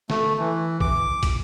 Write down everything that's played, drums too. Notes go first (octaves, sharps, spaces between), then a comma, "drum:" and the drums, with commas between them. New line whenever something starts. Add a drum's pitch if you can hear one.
A3, drum: snare
E3
D6, drum: kick
drum: kick, hi-hat